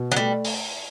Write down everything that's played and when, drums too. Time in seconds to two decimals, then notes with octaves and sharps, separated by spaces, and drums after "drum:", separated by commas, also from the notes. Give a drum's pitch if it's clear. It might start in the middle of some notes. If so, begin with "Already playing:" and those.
Already playing: B2
0.12 F#3
0.16 G3 A3
0.44 drum: open hi-hat